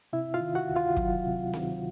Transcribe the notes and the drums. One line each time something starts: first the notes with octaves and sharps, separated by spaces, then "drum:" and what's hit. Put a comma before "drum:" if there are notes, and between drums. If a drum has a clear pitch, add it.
C3 E4 E5
F4 F5
D#3
F#4 F#5
D2
F4 F5
F#3, drum: kick
C3
D#3, drum: snare C4